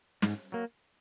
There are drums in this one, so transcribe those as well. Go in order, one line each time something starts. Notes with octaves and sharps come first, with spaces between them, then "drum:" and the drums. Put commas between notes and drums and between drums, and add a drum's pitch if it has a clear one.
G#2, drum: snare
F#3 A#3